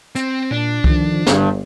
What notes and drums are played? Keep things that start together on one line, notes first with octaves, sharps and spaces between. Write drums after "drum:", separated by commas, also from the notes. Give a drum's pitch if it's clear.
C4, drum: hi-hat
A#2 D4
D3 D#3 F3, drum: kick C2
G1 G2, drum: snare